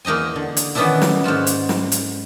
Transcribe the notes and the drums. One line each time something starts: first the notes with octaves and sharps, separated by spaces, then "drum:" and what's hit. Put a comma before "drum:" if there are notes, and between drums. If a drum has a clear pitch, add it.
E2 A#3 D#4 D#5 G#5
D3
drum: hi-hat
D#3 E3 B3 C#4 D4 E4
drum: snare
G#2 A#3 F4 F#4
drum: hi-hat
drum: snare
drum: hi-hat